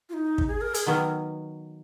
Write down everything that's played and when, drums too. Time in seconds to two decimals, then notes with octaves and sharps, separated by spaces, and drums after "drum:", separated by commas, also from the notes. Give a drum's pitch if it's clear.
0.09 F4
0.14 D#4
0.38 drum: kick
0.47 G#4
0.61 A#4
0.74 G#4, drum: hi-hat
0.87 D#3 F#3 B3 A#4